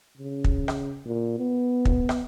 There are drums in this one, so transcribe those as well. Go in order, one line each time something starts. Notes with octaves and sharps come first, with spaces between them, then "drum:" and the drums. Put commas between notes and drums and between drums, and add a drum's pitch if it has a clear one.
C#3
drum: kick
drum: rim click
A#2
B3
drum: kick
drum: rim click